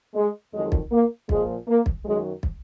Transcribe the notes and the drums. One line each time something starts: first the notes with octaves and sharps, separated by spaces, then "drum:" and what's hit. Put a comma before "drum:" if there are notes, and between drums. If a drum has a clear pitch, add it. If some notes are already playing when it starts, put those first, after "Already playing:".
G#3
F2 D#3 F#3 G#3
drum: kick
A#3
A#2 F3 G#3, drum: kick
A#3
drum: kick
F#2 D#3 F#3 G#3
drum: kick